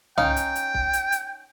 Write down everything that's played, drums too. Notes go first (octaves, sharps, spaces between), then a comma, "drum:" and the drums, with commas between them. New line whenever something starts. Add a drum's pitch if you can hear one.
C#4 D#4 F5 G5, drum: tom
drum: hi-hat
drum: hi-hat
drum: kick
drum: hi-hat
drum: hi-hat